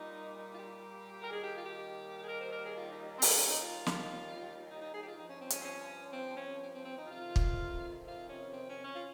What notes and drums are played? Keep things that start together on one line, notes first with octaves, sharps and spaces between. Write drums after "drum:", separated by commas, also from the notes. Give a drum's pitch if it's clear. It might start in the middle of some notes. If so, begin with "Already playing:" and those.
Already playing: A#2 G3 D#4
D#4
F4
G4
A#4
D#2 D#3 G3 G#4
G4
F4
G4
G#4
A#4
C5
A#4
G#4
F4
D#4
C4
D#2 D#3 G3 A#3, drum: open hi-hat
C#4
D#4
F4
drum: snare
D#4
D#4
G#4
G4
F4
G2 F3 D#4
C#4
C4
C#4, drum: hi-hat
C4
C#4
C4
C#4
C4
C4
C4
D#4
F2 C3 D#3 F4
drum: kick
F4
C#4
C4
C#4
C#4
F4